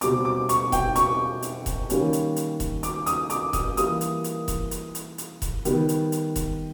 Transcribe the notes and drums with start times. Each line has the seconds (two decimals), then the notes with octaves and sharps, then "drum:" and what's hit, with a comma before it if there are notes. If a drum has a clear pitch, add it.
0.01 B2 G3 C4 D6, drum: hi-hat
0.25 D6
0.49 C#6, drum: hi-hat
0.72 G5, drum: kick E1, hi-hat
0.96 C#6, drum: hi-hat
1.42 drum: hi-hat
1.66 drum: kick E1, hi-hat
1.90 D#3 G3 A#3 C#4, drum: hi-hat
2.13 drum: hi-hat
2.36 drum: hi-hat
2.60 drum: kick E1, hi-hat
2.83 D6, drum: hi-hat
3.06 D#6, drum: hi-hat
3.30 D6, drum: hi-hat
3.53 D#6, drum: kick E1, hi-hat
3.77 E3 G3 A#3 D#6, drum: hi-hat
4.01 drum: hi-hat
4.24 drum: hi-hat
4.48 drum: kick E1, hi-hat
4.71 drum: hi-hat
4.95 drum: hi-hat
5.18 drum: hi-hat
5.42 drum: kick E1, hi-hat
5.65 D#3 G3 B3, drum: hi-hat
5.89 drum: hi-hat
6.12 drum: hi-hat
6.36 drum: kick E1, hi-hat